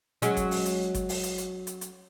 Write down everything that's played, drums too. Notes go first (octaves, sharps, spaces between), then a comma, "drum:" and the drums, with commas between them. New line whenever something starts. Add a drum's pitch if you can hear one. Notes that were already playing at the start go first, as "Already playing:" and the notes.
F#3 G#3 C#4, drum: hi-hat
drum: kick G1, hi-hat
drum: open hi-hat
drum: hi-hat
drum: kick G1, hi-hat
drum: open hi-hat
drum: hi-hat
drum: hi-hat
drum: hi-hat
drum: hi-hat